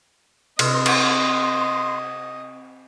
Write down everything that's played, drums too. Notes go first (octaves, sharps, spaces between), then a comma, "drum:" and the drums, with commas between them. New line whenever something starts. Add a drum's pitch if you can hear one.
C3 D#5 C6, drum: cymbal
drum: cymbal